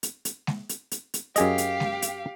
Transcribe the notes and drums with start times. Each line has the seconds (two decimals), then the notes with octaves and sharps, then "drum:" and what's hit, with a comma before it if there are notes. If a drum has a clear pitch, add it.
0.03 drum: hi-hat
0.25 drum: hi-hat
0.47 drum: snare G#3
0.69 drum: hi-hat
0.91 drum: hi-hat
1.14 drum: hi-hat
1.36 F#2 G4 G#4 D#5 F5, drum: hi-hat
1.58 drum: hi-hat
1.80 drum: snare G#3
2.02 drum: hi-hat